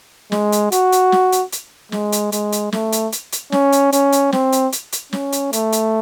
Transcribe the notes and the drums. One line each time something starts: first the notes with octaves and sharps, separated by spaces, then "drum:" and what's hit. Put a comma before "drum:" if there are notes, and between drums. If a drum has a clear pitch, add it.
G#3, drum: snare
drum: hi-hat
F#4, drum: hi-hat
drum: hi-hat
drum: snare
drum: hi-hat
drum: hi-hat
G#3, drum: snare
drum: hi-hat
G#3, drum: hi-hat
drum: hi-hat
A3, drum: snare
drum: hi-hat
drum: hi-hat
drum: hi-hat
C#4, drum: snare
drum: hi-hat
C#4, drum: hi-hat
drum: hi-hat
C4, drum: snare
drum: hi-hat
drum: hi-hat
drum: hi-hat
C#4, drum: snare
drum: hi-hat
A3, drum: hi-hat
drum: hi-hat